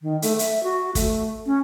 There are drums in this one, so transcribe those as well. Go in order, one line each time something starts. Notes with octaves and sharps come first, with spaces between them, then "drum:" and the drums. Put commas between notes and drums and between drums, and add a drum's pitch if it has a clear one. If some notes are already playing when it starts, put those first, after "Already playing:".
D#3
A3, drum: hi-hat
E5, drum: hi-hat
F#4
A3, drum: kick, hi-hat
C#4